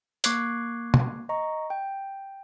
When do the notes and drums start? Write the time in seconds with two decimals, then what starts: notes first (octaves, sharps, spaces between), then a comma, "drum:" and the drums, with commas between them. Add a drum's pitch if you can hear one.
0.24 A#3 C#6 D6 F#6 G#6 C7, drum: hi-hat
0.94 drum: tom
1.29 D#5 A#5 C#6
1.70 G5